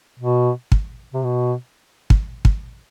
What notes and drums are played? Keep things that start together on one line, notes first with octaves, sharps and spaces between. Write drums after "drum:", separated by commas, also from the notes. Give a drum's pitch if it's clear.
B2
drum: kick
C3
B2
drum: kick
drum: kick